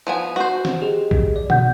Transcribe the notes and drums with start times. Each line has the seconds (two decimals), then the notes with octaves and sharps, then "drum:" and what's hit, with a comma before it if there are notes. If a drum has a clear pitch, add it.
0.07 F3 B3 G#5
0.36 F#4 C5
0.65 drum: snare
0.81 G4 G#4 D#5
1.11 drum: kick B1
1.36 D5
1.50 B2 F#5 G6, drum: tom